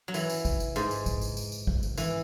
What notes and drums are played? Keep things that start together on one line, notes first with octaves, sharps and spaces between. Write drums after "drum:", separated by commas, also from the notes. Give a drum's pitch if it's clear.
F#3
E3, drum: tambourine
drum: tambourine
drum: kick, tambourine
drum: tambourine
G#2, drum: tambourine
drum: tambourine
drum: kick, tambourine
drum: tambourine
drum: tambourine
drum: tambourine
drum: kick
drum: tambourine
E3, drum: tambourine